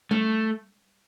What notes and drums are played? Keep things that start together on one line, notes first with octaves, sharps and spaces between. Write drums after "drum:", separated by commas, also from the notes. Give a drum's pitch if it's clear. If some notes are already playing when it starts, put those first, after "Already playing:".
A3, drum: tom G3